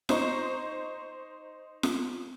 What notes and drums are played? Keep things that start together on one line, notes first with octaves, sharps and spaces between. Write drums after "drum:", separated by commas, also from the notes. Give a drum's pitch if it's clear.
D#4 C5 A#5 C#6, drum: snare F4
drum: snare F4